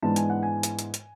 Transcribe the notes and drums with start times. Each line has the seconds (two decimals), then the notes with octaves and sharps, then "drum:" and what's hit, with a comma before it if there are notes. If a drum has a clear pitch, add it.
0.02 G#2 E3 G#3 B3 D4 A5
0.16 G#5, drum: hi-hat
0.30 F#5
0.43 G#5
0.63 drum: hi-hat
0.79 drum: hi-hat
0.94 drum: hi-hat